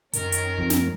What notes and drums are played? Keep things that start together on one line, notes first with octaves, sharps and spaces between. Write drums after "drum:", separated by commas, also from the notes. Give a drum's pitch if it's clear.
F#2 D#3 C#4 A#4, drum: hi-hat
drum: hi-hat
F2
drum: snare